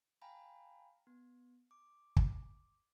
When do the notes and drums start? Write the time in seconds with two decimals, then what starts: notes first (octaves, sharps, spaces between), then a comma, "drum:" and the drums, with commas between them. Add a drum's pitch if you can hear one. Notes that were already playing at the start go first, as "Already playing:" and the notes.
0.22 F5 G5 G#5 A#5 B5
1.07 B3
1.71 D6
2.16 drum: kick